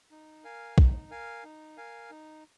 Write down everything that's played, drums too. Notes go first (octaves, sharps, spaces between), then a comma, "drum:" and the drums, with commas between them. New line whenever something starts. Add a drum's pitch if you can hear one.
D#4
A#4 F5 G#5
D#4, drum: kick
A#4 F5 G#5
D#4
A#4 F5 G#5
D#4